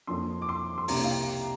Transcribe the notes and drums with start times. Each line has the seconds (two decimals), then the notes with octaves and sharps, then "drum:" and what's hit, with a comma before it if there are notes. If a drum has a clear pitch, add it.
0.07 F2 F3 A#3 D4 C6
0.42 D6
0.49 C6
0.78 C6
0.88 C2 C3 A#3 D4 A#5, drum: open hi-hat
1.04 F5
1.09 G5